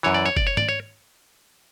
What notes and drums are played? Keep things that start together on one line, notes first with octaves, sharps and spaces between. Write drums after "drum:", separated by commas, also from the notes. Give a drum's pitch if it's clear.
F#2 E3 C#5
D5
C#5
D5, drum: kick F#1
C#5
D5, drum: tom G#2
C#5